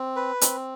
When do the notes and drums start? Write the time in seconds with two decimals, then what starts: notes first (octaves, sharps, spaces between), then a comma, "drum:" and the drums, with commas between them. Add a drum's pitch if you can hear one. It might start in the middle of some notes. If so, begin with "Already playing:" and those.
Already playing: C4
0.16 B4
0.41 C4, drum: hi-hat